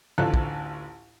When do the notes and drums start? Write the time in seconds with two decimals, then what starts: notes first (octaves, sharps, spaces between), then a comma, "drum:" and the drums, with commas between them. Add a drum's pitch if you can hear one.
0.18 A1 D2 F4 A4 F#6
0.34 drum: kick